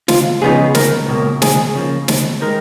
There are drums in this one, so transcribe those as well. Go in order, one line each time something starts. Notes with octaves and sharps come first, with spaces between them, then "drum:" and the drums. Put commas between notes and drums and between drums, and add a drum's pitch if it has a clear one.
F4, drum: snare
C#2 C#3 F3 B3 D#4 G#4
A#4, drum: snare
C#2 B2 A#3
G#4, drum: snare
C#3 F3 A#3
drum: snare
D#3 G#3 D#4 A#4